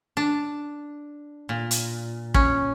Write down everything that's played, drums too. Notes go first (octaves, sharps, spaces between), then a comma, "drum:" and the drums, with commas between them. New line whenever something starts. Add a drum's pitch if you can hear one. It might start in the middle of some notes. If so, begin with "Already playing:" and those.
D4
A#2
drum: hi-hat
C#4, drum: kick